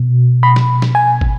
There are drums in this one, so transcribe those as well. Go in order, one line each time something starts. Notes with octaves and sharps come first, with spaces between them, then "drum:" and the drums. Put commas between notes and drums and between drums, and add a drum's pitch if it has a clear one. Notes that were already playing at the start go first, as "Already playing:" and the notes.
Already playing: B2
B5
drum: snare
drum: snare
G#5
drum: kick